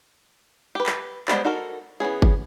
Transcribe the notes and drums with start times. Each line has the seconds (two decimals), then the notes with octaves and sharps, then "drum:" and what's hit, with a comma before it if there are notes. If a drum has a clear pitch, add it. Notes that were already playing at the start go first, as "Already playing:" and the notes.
0.75 G4 B4
0.86 drum: clap
1.28 G3 G#3 B3 C5, drum: clap
1.45 D#4 F#4 A4 A#4
2.00 E3 B3 C#4 G#4
2.22 drum: kick G1